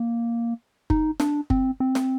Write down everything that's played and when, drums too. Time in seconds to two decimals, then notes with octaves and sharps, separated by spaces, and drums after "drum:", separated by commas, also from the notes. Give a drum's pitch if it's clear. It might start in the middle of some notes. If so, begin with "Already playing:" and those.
Already playing: A#3
0.90 D#4, drum: kick
1.20 D4, drum: snare
1.50 C4, drum: kick
1.80 C4
1.95 drum: snare